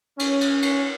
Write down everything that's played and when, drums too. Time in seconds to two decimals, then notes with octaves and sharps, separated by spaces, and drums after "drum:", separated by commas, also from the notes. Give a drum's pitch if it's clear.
0.19 C#4, drum: cymbal
0.41 drum: cymbal
0.62 drum: cymbal